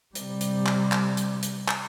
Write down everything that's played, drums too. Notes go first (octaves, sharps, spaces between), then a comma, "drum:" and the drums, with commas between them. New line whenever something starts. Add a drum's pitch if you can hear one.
C3 G3, drum: hi-hat
drum: hi-hat
drum: clap
drum: clap
drum: hi-hat
drum: hi-hat
drum: clap